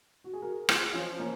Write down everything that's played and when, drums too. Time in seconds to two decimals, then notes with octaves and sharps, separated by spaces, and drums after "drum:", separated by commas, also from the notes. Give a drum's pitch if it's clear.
0.24 F#4
0.34 G#4
0.42 F#4 A#4
0.69 F4 G#4, drum: rim click
0.93 F3 C#4 F4
1.19 A#3 C#4